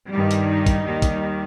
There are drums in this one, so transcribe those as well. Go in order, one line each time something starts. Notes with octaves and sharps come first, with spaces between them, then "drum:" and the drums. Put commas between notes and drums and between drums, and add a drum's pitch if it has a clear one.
G2 D#3 G3
drum: hi-hat
D#4
drum: kick, hi-hat
D#2 D#3 G3
drum: kick, hi-hat